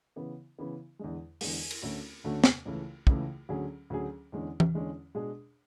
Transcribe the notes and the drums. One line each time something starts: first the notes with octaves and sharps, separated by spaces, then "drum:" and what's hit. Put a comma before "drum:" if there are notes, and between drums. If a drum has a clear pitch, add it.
C#3 E3 B3
C#3 E3 B3
E2 D3 G#3
E2 D3 G#3, drum: open hi-hat
drum: cymbal
D2 D3 A3 C#4 F#4
D2 D3 A3 C#4 F#4
drum: snare
C#2 C#3 E3 A3
C#2 C#3 E3 A3, drum: kick
D2 D3 F#3 C#4 G#4
D2 D3 F#3 C#4 G#4
E2 D3 G#3 C#4
drum: tom E3
E2 D3 G#3 C#4
B2 G#3 D4 G#4